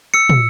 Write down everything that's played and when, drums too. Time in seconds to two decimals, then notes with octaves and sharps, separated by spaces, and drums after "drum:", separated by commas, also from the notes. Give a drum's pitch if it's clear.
0.14 E6 C#7
0.29 drum: tom